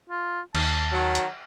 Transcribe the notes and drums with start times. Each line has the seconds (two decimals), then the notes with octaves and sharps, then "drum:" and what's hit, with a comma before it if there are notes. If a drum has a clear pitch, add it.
0.10 F4
0.55 D#2 A5, drum: cymbal
0.92 D#3 F#3
1.15 drum: hi-hat